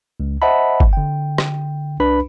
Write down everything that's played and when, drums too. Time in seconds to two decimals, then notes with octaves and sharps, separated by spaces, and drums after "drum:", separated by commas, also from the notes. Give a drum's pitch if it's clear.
0.20 C#2
0.42 C5 D#5 E5 F#5 A5 B5
0.80 drum: kick
0.93 D3 G5
1.38 drum: rim click
2.00 C2 D4 B4 B5